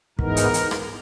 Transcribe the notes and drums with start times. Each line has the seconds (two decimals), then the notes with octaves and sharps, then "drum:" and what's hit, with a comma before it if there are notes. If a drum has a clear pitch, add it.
0.19 G#2 E3 G#3 B3 D#4 A#4, drum: kick
0.37 drum: hi-hat
0.54 drum: hi-hat
0.71 drum: rim click